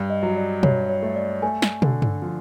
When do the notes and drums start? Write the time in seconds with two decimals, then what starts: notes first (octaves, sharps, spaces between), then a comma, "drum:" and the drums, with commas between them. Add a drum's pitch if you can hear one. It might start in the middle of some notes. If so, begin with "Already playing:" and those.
Already playing: G2 D5
0.10 D#5
0.23 F#3
0.37 D5
0.63 G2 C#5, drum: tom B2
0.89 C#5
1.03 A3
1.16 D5
1.42 A3 G#5
1.62 drum: snare
1.82 D3, drum: tom
2.02 drum: tom G2
2.22 F3